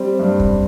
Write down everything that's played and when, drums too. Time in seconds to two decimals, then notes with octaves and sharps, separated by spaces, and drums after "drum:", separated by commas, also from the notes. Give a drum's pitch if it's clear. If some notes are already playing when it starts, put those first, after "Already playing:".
Already playing: G3 C4
0.19 G2
0.40 drum: kick